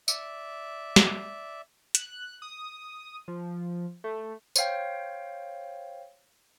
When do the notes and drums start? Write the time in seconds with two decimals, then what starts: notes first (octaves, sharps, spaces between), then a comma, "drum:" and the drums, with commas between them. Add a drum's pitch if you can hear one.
0.08 D5 E5, drum: tambourine
0.96 drum: snare
1.95 F#6, drum: hi-hat
2.42 D#6
3.28 F3
4.04 A3
4.56 C5 C#5 F5 G5, drum: tambourine